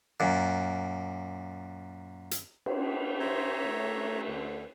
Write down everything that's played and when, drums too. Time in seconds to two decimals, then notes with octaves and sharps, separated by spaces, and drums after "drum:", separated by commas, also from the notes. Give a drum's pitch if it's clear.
0.20 F#2 A#2
2.31 drum: hi-hat
2.66 drum: cymbal
3.20 C5 C#5 E5 A#5
3.68 A3
4.27 D2 D3